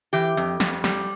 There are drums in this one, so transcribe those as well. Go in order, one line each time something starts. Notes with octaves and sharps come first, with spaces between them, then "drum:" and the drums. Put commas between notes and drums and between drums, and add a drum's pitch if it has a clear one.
E3 G4
F2
F2, drum: snare
G3, drum: snare